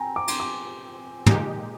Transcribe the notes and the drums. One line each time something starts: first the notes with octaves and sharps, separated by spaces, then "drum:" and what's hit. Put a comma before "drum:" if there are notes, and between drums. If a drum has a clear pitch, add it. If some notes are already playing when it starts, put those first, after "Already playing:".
Already playing: C4 G5 G#5 A#5
D6
C6, drum: cymbal
D6
A#2 G#3 D#4 G4, drum: tom